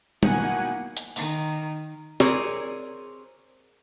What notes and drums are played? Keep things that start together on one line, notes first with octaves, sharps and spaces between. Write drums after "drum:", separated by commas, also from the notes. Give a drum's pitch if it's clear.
B2 D#3 F#3 A#3 E4 F#5 G#5, drum: tom
drum: hi-hat
D#3, drum: open hi-hat
C4 G#4 A#4 C#5 D5, drum: snare